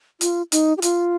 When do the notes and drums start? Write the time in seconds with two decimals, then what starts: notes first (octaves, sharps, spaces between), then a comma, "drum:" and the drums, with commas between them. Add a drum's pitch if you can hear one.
0.21 F4, drum: hi-hat
0.52 D#4, drum: hi-hat
0.78 G4
0.82 F4, drum: hi-hat